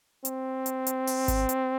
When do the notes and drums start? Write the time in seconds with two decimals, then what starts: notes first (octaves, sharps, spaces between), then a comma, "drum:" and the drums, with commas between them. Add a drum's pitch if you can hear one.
0.25 C4, drum: hi-hat
0.66 drum: hi-hat
0.87 drum: hi-hat
1.07 drum: open hi-hat
1.28 drum: kick G#1, hi-hat
1.49 drum: hi-hat